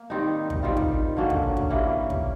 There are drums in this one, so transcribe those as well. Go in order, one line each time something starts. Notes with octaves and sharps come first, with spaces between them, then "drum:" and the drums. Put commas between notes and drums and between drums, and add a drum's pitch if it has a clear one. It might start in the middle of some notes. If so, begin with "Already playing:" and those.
Already playing: A#3
D#3 G3 C4 D#4
drum: kick
D#3 G3 C4 F4
drum: kick
D3 F#3 A#3 C#4
drum: kick
drum: kick
E3 G3 A#3 C#4
drum: kick